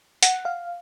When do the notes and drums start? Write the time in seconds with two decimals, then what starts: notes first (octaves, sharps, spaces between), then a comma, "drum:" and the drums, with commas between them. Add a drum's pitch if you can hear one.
0.23 F#5, drum: hi-hat
0.45 F5